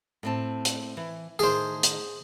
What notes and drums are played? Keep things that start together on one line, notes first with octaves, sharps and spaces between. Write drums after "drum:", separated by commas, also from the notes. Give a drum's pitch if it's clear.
A2 C4 A5
drum: hi-hat
E3
A2 D#3 G#4 C5
drum: hi-hat